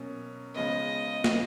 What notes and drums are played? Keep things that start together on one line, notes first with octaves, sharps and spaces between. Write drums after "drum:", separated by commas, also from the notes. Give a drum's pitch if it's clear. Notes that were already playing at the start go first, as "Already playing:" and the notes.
Already playing: B2 F#3 A#3 C#4
C#3 F3 G#3 B3 D#5
drum: snare